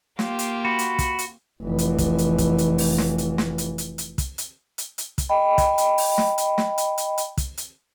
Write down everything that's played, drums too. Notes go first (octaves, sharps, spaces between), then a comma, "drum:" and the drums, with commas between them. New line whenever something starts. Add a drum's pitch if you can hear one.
A#3 F4 G4, drum: snare
drum: hi-hat
F#4 B5
drum: hi-hat
drum: kick, hi-hat
drum: hi-hat
F1 E3
drum: hi-hat
drum: kick, hi-hat
drum: hi-hat
drum: kick, hi-hat
drum: hi-hat
drum: open hi-hat
drum: snare
drum: hi-hat
drum: snare
drum: hi-hat
drum: hi-hat
drum: hi-hat
drum: kick, hi-hat
drum: hi-hat
drum: hi-hat
drum: hi-hat
drum: kick, hi-hat
D#5 G5 B5
drum: kick, hi-hat
drum: hi-hat
drum: open hi-hat
drum: snare
drum: hi-hat
drum: snare
drum: hi-hat
drum: hi-hat
drum: hi-hat
drum: kick, hi-hat
drum: hi-hat